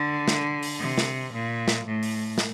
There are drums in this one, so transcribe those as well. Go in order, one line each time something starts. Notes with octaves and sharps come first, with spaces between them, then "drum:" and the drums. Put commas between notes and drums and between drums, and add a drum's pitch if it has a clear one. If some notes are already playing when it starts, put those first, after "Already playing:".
Already playing: D3
drum: snare
drum: open hi-hat
C3
drum: snare
A#2
drum: snare
A2
drum: open hi-hat
drum: snare